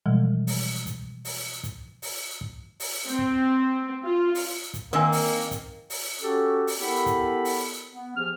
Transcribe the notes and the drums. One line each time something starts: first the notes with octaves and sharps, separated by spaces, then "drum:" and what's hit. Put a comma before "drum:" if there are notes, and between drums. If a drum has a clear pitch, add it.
B2 E3 F3 G3 G#3
drum: open hi-hat
drum: kick, hi-hat
drum: open hi-hat
drum: kick, hi-hat
drum: open hi-hat
drum: kick
drum: open hi-hat
C4
drum: kick
F4
drum: open hi-hat
drum: kick, hi-hat
D#3 A#3 C4 A#4 G#5
drum: open hi-hat
drum: kick, hi-hat
drum: open hi-hat
C#4 F#4 G4 A4
drum: open hi-hat
B3 E4 G4 A4 A#4 B5
drum: kick, hi-hat
drum: open hi-hat
B3
F3 G4 G#4 F6